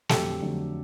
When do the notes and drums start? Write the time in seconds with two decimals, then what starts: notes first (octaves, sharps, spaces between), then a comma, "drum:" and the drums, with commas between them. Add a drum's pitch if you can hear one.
0.09 F2 D3 F#3 A3 G4 A4, drum: snare
0.42 F2 D3 F#3 A3